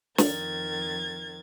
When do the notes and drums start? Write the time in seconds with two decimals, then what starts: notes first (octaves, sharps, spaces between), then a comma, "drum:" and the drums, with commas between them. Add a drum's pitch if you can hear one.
0.18 F2 D#3 G#6 A6, drum: snare